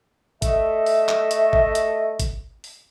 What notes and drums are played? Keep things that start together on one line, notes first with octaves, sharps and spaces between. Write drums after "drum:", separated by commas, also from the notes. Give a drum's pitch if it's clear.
A3 D#5 E5, drum: kick G#1, hi-hat
drum: open hi-hat
drum: clap
drum: hi-hat
drum: kick G#1
drum: hi-hat
drum: kick G#1, hi-hat
drum: open hi-hat